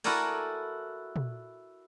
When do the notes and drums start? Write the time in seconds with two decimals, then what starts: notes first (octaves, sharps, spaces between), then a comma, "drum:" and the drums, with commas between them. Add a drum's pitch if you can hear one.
0.04 E4 F#4 A4 A#4 D5 G#5, drum: open hi-hat
1.16 drum: tom